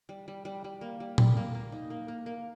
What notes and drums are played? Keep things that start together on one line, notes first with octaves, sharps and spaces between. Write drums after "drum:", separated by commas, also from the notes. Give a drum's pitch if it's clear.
G3
G3
G3
G3
A#3
G3
G3, drum: tom A#2
A#3
A#3
D#4
A#3
A#3
A#3